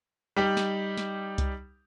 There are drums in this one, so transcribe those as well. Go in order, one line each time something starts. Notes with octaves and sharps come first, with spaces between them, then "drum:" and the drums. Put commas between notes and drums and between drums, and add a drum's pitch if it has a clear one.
G3 D#4 G4
drum: snare
drum: snare
drum: kick C2, hi-hat